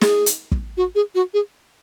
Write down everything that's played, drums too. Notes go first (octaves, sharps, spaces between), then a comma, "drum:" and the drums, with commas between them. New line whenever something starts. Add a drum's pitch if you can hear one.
G#4, drum: snare
drum: hi-hat
drum: kick
F#4
G#4
F#4
G#4